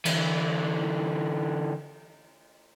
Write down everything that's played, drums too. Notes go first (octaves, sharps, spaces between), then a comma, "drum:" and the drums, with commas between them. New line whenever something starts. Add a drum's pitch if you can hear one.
D3 E3, drum: cymbal